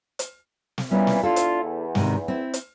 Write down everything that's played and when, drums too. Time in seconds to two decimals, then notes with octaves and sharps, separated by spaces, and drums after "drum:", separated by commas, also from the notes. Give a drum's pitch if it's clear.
0.19 drum: hi-hat
0.78 drum: snare
0.91 A#2 E3 G3 B3 C#4
1.07 drum: snare
1.23 D4 E4 F4 A4
1.36 drum: hi-hat
1.63 E2
1.95 G#2 C3 D#3, drum: snare
2.28 C4 E4
2.54 drum: hi-hat